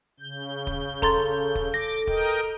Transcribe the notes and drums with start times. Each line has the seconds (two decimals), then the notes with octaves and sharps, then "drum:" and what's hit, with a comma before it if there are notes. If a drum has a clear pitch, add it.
0.20 C#3 G6
0.67 drum: kick
1.02 A4 A#5 C6 A6, drum: kick
1.55 drum: kick
1.74 D6 A#6
2.07 A#4 D#5 G5, drum: kick